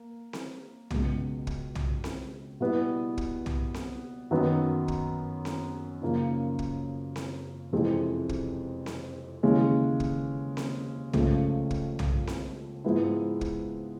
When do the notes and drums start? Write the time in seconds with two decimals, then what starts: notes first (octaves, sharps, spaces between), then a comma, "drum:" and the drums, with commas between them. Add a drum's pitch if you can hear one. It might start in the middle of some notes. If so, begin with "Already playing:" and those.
Already playing: A#3
0.33 drum: snare C4
0.91 C#2 B2 F#3, drum: tom
1.47 drum: kick
1.75 drum: tom
2.04 drum: snare C4
2.60 B2 G3 B3 E4
3.18 drum: kick
3.46 drum: tom
3.74 drum: snare C4
4.31 F#2 D#3 F#3 B3 D#4
4.88 drum: kick
5.45 drum: snare C4
6.02 F#2 C#3 F3 A#3 D#4
6.59 drum: kick
7.16 drum: snare C4
7.73 F2 C3 E3 G#3
8.29 drum: kick
8.86 drum: snare C4
9.43 D#2 C#3 E3 G#3 C#4
10.00 drum: kick
10.57 drum: snare C4
11.13 C#2 C#3 F3 A3, drum: tom
11.71 drum: kick
11.99 drum: tom
12.27 drum: snare C4
12.84 G#2 F3 G#3 B3 E4
13.41 drum: kick